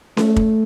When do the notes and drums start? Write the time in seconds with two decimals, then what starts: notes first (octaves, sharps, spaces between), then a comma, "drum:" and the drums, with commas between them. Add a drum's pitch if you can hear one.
0.17 A3, drum: snare C#4
0.36 drum: kick